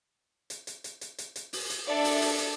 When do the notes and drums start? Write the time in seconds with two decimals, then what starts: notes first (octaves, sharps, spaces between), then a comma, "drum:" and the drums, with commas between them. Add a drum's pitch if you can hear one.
0.50 drum: hi-hat
0.67 drum: hi-hat
0.84 drum: hi-hat
1.01 drum: hi-hat
1.18 drum: hi-hat
1.36 drum: hi-hat
1.53 drum: open hi-hat
1.70 drum: hi-hat
1.87 D4 A4 D5 E5
2.04 drum: open hi-hat
2.21 drum: open hi-hat
2.38 drum: hi-hat